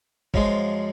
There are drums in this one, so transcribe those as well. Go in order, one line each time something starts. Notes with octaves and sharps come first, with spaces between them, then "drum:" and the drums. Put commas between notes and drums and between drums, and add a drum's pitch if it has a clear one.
F#2 F3 G#3, drum: kick